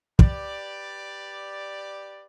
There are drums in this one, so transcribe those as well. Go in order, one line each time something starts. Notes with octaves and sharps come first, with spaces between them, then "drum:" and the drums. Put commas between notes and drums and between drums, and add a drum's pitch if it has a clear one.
G4 B4 D5, drum: kick